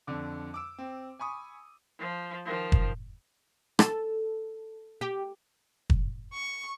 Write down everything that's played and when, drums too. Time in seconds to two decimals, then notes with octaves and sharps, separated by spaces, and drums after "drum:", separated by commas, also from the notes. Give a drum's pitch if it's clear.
0.07 F2 D3 D6
0.54 D6 E6 D7
0.78 C4
1.19 G#5 B5 C#6 D#6
1.99 F3
2.46 D#3 F3
2.72 drum: kick
3.79 A4, drum: rim click
5.01 G4
5.90 drum: kick
6.33 C#6